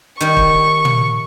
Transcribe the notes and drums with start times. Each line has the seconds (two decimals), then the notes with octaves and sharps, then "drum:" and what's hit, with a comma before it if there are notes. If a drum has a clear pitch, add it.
0.21 D#3 G3 C#6
0.37 drum: kick
0.85 drum: tom